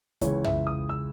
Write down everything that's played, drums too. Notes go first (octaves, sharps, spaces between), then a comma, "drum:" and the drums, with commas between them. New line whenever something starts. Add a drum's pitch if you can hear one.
C#2 C#3 E3 C#5, drum: kick, hi-hat
E5, drum: tom
D#6
E6